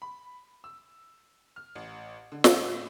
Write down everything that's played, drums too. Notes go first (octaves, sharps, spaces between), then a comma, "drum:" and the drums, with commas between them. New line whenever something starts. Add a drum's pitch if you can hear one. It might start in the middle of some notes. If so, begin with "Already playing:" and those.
B5
E6
F6
A1
D3
drum: snare
A2